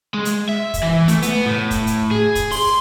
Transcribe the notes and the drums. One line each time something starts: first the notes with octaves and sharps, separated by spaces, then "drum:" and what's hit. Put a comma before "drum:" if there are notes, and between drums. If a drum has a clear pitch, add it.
G#3
drum: hi-hat
E5
drum: kick, hi-hat
E3
A3, drum: hi-hat
B3, drum: hi-hat
A2
drum: kick, hi-hat
drum: hi-hat
G#4
drum: kick, hi-hat
C6, drum: open hi-hat